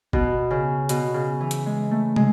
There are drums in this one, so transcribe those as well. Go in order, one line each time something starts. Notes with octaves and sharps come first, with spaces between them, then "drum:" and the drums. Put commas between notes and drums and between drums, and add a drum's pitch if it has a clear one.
B2, drum: kick G1
C#3
B2, drum: hi-hat
C#3
E3
drum: hi-hat
G#3
A3
G#3, drum: tom